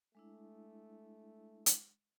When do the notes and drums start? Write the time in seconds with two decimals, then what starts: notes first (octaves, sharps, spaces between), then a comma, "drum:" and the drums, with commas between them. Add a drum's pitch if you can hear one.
0.15 G#3 A3 D4 E4
1.66 drum: hi-hat